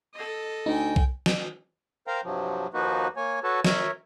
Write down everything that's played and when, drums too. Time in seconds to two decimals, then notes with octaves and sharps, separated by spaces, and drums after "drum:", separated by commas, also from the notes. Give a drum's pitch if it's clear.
0.14 A4 D#5
0.66 D2 D#4 G5 G#5
0.96 drum: kick
1.26 drum: snare
2.07 A#4 C5 F5 G5 A#5
2.24 G2 C3 F3 F#3
2.74 D#2 F3 A#3 D#4 F#4 B4
3.17 A#3 C#5 G#5
3.44 F#4 A4 B4 C#5 A5
3.65 A#4 C#5 E5, drum: snare